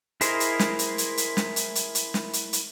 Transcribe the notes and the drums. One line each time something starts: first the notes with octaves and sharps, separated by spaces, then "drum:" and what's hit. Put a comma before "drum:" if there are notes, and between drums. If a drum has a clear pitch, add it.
E4 G#4 A#4 C5 D#5, drum: hi-hat
drum: hi-hat
drum: snare
drum: hi-hat
drum: hi-hat
drum: hi-hat
drum: snare
drum: hi-hat
drum: hi-hat
drum: hi-hat
drum: snare
drum: hi-hat
drum: hi-hat